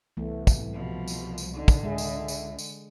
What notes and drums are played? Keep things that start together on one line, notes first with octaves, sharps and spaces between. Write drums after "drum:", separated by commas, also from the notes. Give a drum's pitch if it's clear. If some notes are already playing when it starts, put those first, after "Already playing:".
C2 E3 A3 B3
drum: kick, tambourine
B2 F3
drum: tambourine
drum: tambourine
D3 D#4
drum: kick, tambourine
C#2 G#3 G#4 E5
drum: tambourine
drum: tambourine
drum: tambourine